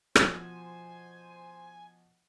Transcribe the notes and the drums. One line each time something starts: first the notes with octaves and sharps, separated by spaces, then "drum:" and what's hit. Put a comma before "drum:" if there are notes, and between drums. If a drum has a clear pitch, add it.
B2 F3 F#4 C5 G#5, drum: rim click